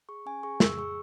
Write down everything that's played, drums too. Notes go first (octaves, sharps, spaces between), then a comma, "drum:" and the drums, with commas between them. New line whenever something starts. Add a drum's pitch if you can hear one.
G#4 C#6
C#4 G#5
G#4 C#6
G#4 E6, drum: snare
G#4 C#6